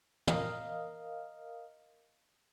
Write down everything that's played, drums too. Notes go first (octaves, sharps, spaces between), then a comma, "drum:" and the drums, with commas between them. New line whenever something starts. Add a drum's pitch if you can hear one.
A#4 D#5 F5, drum: tom